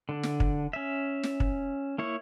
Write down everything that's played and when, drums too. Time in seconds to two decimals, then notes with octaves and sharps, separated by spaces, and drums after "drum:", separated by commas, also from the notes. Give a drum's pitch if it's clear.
0.09 D3 D4
0.23 drum: snare
0.40 drum: kick
0.73 C#4 E5
1.23 drum: snare
1.40 drum: kick
1.98 A#3 E4 C#5